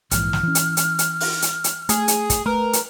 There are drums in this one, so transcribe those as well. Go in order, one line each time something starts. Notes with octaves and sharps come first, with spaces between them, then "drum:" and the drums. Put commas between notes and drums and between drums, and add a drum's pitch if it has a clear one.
A#1 G#2 E3 F6, drum: hi-hat
drum: snare
E3 C#4
drum: hi-hat
drum: hi-hat
drum: hi-hat
drum: open hi-hat
drum: hi-hat
drum: hi-hat
A3 G#4, drum: hi-hat
drum: hi-hat
drum: kick, hi-hat
A3 A#4 B4
drum: hi-hat